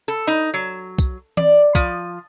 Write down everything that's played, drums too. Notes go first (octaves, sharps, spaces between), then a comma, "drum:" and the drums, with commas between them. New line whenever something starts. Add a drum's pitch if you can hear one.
A4
D#4
F#3
drum: kick, tambourine
D5, drum: tom E3
F3, drum: kick, tambourine